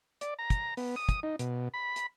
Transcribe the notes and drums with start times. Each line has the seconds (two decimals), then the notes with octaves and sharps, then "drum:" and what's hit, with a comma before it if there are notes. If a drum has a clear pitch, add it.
0.21 D5, drum: hi-hat
0.39 A#5
0.50 drum: kick, hi-hat
0.77 B3, drum: open hi-hat
0.96 D#6
1.09 drum: kick, hi-hat
1.23 D#4
1.39 B2, drum: hi-hat
1.74 B5
1.96 drum: hi-hat